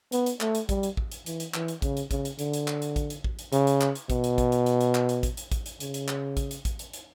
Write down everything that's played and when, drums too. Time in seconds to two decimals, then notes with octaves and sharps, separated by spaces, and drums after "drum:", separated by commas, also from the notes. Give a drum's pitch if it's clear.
0.12 B3, drum: hi-hat
0.26 drum: hi-hat
0.41 A3, drum: clap
0.55 drum: hi-hat
0.69 G3, drum: kick A1, hi-hat
0.83 drum: hi-hat
0.97 drum: kick A1
1.12 drum: hi-hat
1.26 E3, drum: hi-hat
1.40 drum: hi-hat
1.54 E3, drum: clap
1.68 drum: hi-hat
1.82 C#3, drum: kick A1, hi-hat
1.97 drum: hi-hat
2.11 C#3, drum: kick A1, hi-hat
2.25 drum: hi-hat
2.39 D3, drum: hi-hat
2.53 drum: hi-hat
2.68 drum: clap
2.82 drum: hi-hat
2.96 drum: kick A1, hi-hat
3.10 drum: hi-hat
3.24 drum: kick A1
3.39 drum: hi-hat
3.53 C#3, drum: hi-hat
3.67 drum: hi-hat
3.81 drum: clap
3.95 drum: hi-hat
4.10 B2, drum: kick A1, hi-hat
4.24 drum: hi-hat
4.38 drum: kick A1, hi-hat
4.52 drum: hi-hat
4.66 drum: hi-hat
4.81 drum: hi-hat
4.95 drum: clap
5.09 drum: hi-hat
5.23 drum: kick A1, hi-hat
5.37 drum: hi-hat
5.52 drum: kick A1, hi-hat
5.66 drum: hi-hat
5.80 C#3, drum: hi-hat
5.94 drum: hi-hat
6.08 drum: clap
6.37 drum: kick A1, hi-hat
6.51 drum: hi-hat
6.65 drum: kick A1, hi-hat
6.79 drum: hi-hat
6.93 drum: hi-hat